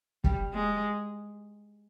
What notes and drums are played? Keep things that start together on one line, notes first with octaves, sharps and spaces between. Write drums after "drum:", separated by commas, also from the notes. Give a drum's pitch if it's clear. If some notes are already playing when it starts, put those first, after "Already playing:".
G3, drum: kick
G#3